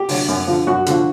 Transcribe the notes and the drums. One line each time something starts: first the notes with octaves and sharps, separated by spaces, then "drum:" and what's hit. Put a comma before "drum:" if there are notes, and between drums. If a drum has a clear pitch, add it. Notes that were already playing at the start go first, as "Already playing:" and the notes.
Already playing: G4
D3 F#3, drum: open hi-hat
F#2
D3 F3
F#2 F#4
D3 F3, drum: hi-hat